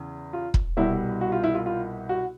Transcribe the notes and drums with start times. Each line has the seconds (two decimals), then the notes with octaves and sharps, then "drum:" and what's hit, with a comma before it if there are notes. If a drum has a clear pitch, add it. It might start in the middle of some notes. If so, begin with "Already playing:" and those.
Already playing: E2 C#3
0.33 F4
0.54 drum: kick
0.77 C2 B2 G3 E4
1.21 F#4
1.32 F4
1.44 E4
1.54 F4
1.66 F4
2.09 F#4